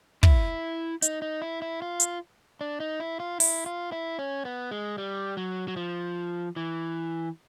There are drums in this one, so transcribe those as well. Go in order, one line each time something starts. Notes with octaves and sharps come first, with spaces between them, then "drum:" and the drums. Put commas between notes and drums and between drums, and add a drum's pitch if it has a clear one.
E4, drum: kick
D#4, drum: hi-hat
D#4
E4
E4
F4
drum: hi-hat
D4
D#4
E4
F4
E4, drum: open hi-hat
F4
E4
C#4
B3
G#3
G3
F#3
F#3
F3
E3